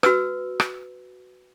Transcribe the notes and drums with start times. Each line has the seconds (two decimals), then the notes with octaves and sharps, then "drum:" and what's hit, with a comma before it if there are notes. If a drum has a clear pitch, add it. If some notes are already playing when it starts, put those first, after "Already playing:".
0.03 F#4 B4 E6, drum: rim click
0.60 drum: rim click